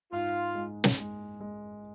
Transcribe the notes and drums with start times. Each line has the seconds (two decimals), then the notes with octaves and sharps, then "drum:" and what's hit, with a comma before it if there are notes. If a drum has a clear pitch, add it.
0.12 G#2 F4
0.55 G#3
0.84 drum: snare
0.98 G#3
1.40 G#3